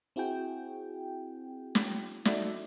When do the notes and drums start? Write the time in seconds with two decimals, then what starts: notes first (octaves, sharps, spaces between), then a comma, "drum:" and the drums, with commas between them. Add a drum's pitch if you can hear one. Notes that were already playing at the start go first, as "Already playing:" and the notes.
0.16 C4 E4 F#4 G#4 G5
1.75 drum: snare
2.25 D#4 F#4 A4 D5 E5, drum: snare